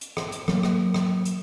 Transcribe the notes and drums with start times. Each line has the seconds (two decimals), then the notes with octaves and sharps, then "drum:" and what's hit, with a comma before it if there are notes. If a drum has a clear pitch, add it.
0.01 drum: hi-hat
0.17 drum: rim click
0.32 drum: hi-hat
0.48 F#3 A#3, drum: rim click
0.63 drum: rim click
0.94 drum: rim click
1.25 drum: hi-hat